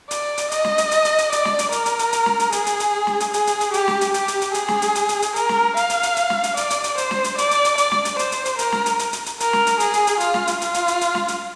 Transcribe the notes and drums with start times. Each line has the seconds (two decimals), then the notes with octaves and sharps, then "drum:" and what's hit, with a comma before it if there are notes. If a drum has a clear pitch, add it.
0.11 D5, drum: hi-hat
0.38 drum: hi-hat
0.51 D#5, drum: hi-hat
0.64 drum: snare
0.78 drum: hi-hat
0.91 drum: hi-hat
1.05 drum: hi-hat
1.18 drum: hi-hat
1.32 D5, drum: hi-hat
1.45 drum: snare
1.59 drum: hi-hat
1.72 A#4, drum: hi-hat
1.86 drum: hi-hat
1.99 drum: hi-hat
2.13 drum: hi-hat
2.26 drum: snare
2.39 drum: hi-hat
2.52 G#4, drum: hi-hat
2.66 drum: hi-hat
2.80 drum: hi-hat
3.07 drum: snare
3.20 drum: hi-hat
3.34 G#4, drum: hi-hat
3.47 drum: hi-hat
3.61 drum: hi-hat
3.74 G4, drum: hi-hat
3.88 drum: snare
4.01 drum: hi-hat
4.14 G4, drum: hi-hat
4.28 drum: hi-hat
4.41 drum: hi-hat
4.54 G#4, drum: hi-hat
4.68 drum: snare
4.82 drum: hi-hat
4.95 drum: hi-hat
5.09 drum: hi-hat
5.22 drum: hi-hat
5.36 A#4, drum: hi-hat
5.49 drum: snare
5.77 F5, drum: hi-hat
5.90 drum: hi-hat
6.03 drum: hi-hat
6.17 drum: hi-hat
6.30 drum: snare
6.43 drum: hi-hat
6.57 D5, drum: hi-hat
6.70 drum: hi-hat
6.84 drum: hi-hat
6.98 C5, drum: hi-hat
7.11 drum: snare
7.24 drum: hi-hat
7.38 D5, drum: hi-hat
7.51 drum: hi-hat
7.65 drum: hi-hat
7.78 D5, drum: hi-hat
7.92 drum: snare
8.05 drum: hi-hat
8.19 C5, drum: hi-hat
8.32 drum: hi-hat
8.45 drum: hi-hat
8.59 A#4, drum: hi-hat
8.72 drum: snare
8.86 drum: hi-hat
8.99 drum: hi-hat
9.13 drum: hi-hat
9.26 drum: hi-hat
9.40 A#4, drum: hi-hat
9.53 drum: snare
9.67 drum: hi-hat
9.80 G#4, drum: hi-hat
9.94 drum: hi-hat
10.07 drum: hi-hat
10.20 F4, drum: hi-hat
10.34 drum: snare
10.47 drum: hi-hat
10.61 F4, drum: hi-hat
10.74 drum: hi-hat
10.88 drum: hi-hat
11.01 drum: hi-hat
11.15 drum: snare
11.28 drum: hi-hat